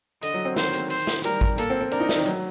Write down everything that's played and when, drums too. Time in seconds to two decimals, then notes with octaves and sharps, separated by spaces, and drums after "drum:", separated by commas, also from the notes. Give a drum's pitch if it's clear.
0.23 D3 D#5, drum: hi-hat
0.34 F#3
0.45 C4
0.56 D#3 C5, drum: snare
0.74 drum: hi-hat
0.90 C5, drum: open hi-hat
1.07 drum: snare
1.24 G3 A#4, drum: hi-hat
1.41 drum: kick G#1
1.58 A#3 A4, drum: hi-hat
1.70 C4
1.81 C4
1.92 D4 A#4, drum: hi-hat
2.00 D#4
2.09 D4, drum: snare
2.18 D#3
2.26 F#3, drum: hi-hat